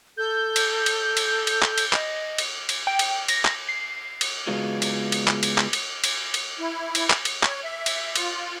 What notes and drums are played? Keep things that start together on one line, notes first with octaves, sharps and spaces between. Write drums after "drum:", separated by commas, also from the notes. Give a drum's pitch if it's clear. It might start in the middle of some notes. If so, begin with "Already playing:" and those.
A4 G6
drum: cymbal
drum: cymbal
drum: cymbal
drum: cymbal
drum: clap
drum: cymbal
D#5, drum: clap
drum: cymbal
drum: cymbal
G5
drum: cymbal
A#6, drum: cymbal
drum: clap
C7
drum: cymbal
C#3 G#3 B3 F4 F#4 G#4
drum: cymbal
drum: cymbal
drum: clap
drum: cymbal
drum: clap
drum: cymbal
drum: cymbal
drum: cymbal
E4
drum: cymbal
drum: clap
drum: cymbal
C#5, drum: clap
E5
drum: cymbal
F4, drum: cymbal